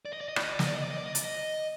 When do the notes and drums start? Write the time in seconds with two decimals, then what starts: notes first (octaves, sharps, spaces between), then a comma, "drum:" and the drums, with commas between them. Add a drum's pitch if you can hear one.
0.05 D5
0.13 D#5
0.21 D5
0.28 D#5
0.36 D5, drum: rim click
0.43 D#5
0.51 D5
0.59 D#5, drum: snare
0.67 D5
0.75 D#5
0.84 D5
0.91 D#5
0.98 D5
1.07 D#5
1.15 D5, drum: hi-hat
1.25 D#5